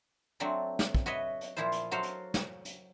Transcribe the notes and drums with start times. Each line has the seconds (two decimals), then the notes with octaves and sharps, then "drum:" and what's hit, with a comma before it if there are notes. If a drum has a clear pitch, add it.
0.40 F#3 A3 C4 D4 D5
0.79 drum: snare
0.95 drum: kick
1.06 F#4 B4 C#5 D#5 E5
1.41 drum: hi-hat
1.57 A#2 F3 E4 F4 C5
1.72 drum: hi-hat
1.91 F#3 F#4 A4 C5 F5
2.03 drum: hi-hat
2.34 drum: snare
2.65 drum: hi-hat